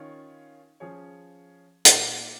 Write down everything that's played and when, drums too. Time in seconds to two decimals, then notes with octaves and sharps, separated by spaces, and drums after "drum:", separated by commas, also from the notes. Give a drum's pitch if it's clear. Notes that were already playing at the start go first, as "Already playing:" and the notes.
Already playing: D#3 C#4 F4 C#5
0.80 F3 C#4 G#4 C#5
1.85 A#2 A#3 F4, drum: hi-hat